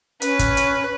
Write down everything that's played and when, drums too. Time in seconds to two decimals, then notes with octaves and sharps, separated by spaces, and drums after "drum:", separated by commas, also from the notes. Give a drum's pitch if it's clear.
0.22 C#4 B4, drum: hi-hat
0.39 drum: kick, hi-hat
0.57 drum: hi-hat